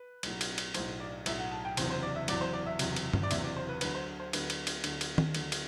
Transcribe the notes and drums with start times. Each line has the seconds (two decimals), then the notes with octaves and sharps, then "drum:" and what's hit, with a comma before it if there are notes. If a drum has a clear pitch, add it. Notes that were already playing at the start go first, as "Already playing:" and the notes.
Already playing: B4
0.23 B1 A2 F#3, drum: cymbal
0.41 drum: cymbal
0.58 drum: cymbal
0.74 B1 A2 F#3 C5, drum: cymbal
1.00 D5
1.26 B1 A2 F#3 E5, drum: cymbal
1.38 F#5
1.51 A5
1.65 G5
1.77 F#1 E2 C3 F#3 C5, drum: cymbal
1.90 C5
2.03 D5
2.15 E5
2.28 F#1 E2 C3 F#3 D5, drum: cymbal
2.41 C5
2.53 D5
2.66 E5
2.79 F#1 E2 C3 F#3, drum: cymbal
2.96 drum: cymbal
3.13 drum: tom G2
3.23 D5
3.31 F#1 E2 C3 F#3 E5, drum: cymbal
3.44 D5
3.56 C5
3.69 B4
3.81 D2 D3 F#3 B4, drum: cymbal
3.95 C5
4.20 C5
4.33 D2 D3 F#3 B4, drum: cymbal
4.50 drum: cymbal
4.67 drum: cymbal
4.84 D2 D3 F#3, drum: cymbal
5.01 drum: cymbal
5.18 drum: tom D#3
5.35 D2 D3 F#3, drum: cymbal
5.52 drum: cymbal